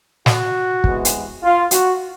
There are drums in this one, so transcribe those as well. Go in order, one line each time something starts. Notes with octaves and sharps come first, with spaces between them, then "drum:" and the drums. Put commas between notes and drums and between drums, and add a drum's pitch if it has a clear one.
F#4, drum: snare
C3 E3 G#3 B3, drum: kick
drum: hi-hat
F4
F#4, drum: hi-hat